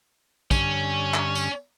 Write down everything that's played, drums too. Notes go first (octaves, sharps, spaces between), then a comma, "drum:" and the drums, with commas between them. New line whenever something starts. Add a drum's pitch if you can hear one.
G2 D3 C#4, drum: kick, tambourine
drum: clap
drum: tambourine